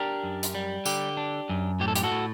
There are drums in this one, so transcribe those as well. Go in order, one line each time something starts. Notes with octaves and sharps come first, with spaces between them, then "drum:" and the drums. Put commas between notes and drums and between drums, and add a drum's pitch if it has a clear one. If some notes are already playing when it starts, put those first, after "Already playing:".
Already playing: D4 G4 A#4
F#2
drum: hi-hat
G3
D3 G4, drum: tambourine
D4
F#2
A2 G4
A4
G4, drum: hi-hat
F#4 A4
A2